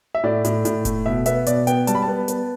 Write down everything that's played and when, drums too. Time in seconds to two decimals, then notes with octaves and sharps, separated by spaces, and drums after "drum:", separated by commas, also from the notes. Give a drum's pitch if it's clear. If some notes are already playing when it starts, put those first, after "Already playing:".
0.15 E5
0.24 A2 D5
0.45 A2, drum: hi-hat
0.65 A2, drum: hi-hat
0.85 A3, drum: kick F1, hi-hat
1.06 B2 E5
1.26 B3 E5, drum: hi-hat
1.46 B2 D5, drum: hi-hat
1.67 B3 G5, drum: hi-hat
1.87 G3 A5, drum: hi-hat
1.95 B5
2.02 A5
2.08 B3
2.28 B3, drum: hi-hat